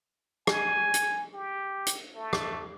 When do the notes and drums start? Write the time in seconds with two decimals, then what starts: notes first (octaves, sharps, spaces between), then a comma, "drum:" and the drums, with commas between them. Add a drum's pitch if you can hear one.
0.47 G#5, drum: rim click
0.94 drum: hi-hat
1.33 G4
1.86 drum: hi-hat
2.15 A3
2.33 drum: rim click